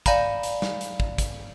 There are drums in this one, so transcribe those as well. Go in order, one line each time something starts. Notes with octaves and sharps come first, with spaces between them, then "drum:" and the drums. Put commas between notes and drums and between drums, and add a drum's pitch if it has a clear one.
D5 F5 G#5 A#5 B5, drum: kick, hi-hat
drum: hi-hat
drum: snare
drum: hi-hat
drum: kick
drum: kick, hi-hat